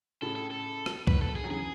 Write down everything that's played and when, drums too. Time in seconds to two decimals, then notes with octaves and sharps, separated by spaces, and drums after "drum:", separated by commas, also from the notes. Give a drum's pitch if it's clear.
0.22 A2 C#3 A4
0.36 A4
0.51 A4
0.86 drum: rim click
1.07 B2 D#3 B4, drum: kick C2
1.22 A4
1.36 G#4
1.44 F#3
1.50 C#3 E3 G#4